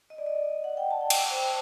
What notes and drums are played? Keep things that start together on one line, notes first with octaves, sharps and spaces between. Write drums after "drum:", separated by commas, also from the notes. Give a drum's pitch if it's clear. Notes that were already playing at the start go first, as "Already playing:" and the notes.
D#5
D5
D#5
F#5
G5
A5
G5
A5, drum: cymbal
A5
C5